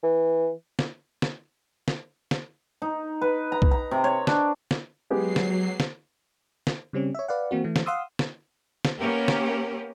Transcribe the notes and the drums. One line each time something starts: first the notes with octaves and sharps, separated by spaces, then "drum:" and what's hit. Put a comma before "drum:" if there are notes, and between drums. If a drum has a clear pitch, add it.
E3
drum: snare
drum: snare
drum: snare
drum: snare
D#4
B4
A#5
drum: kick
A#5
C3
C#5
D4, drum: snare
drum: snare
F#3 G#3 B3 G4 C7
drum: snare
drum: snare
drum: snare
C#3 G3 C4 C#4
C#5 E5
B4 D5 F5 F#5
E3 A#3 C4 F#4
E3 A3
drum: snare
F5 F#5 C6 D#6 E6
drum: snare
drum: snare
A#3 B3 C#4 G4 A#4
drum: snare